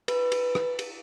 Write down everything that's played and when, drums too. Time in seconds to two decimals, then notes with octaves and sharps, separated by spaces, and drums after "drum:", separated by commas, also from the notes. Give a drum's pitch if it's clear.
0.08 B4, drum: cymbal
0.32 drum: cymbal
0.55 drum: rim click
0.79 drum: cymbal